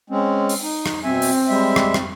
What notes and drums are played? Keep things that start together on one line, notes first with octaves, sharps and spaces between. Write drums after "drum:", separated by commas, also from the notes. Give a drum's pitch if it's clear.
G#3 C4 C#4
drum: open hi-hat
D#4
drum: rim click
B2 C4 E5 G#5
drum: open hi-hat
G3 G#3 E5
drum: rim click
drum: rim click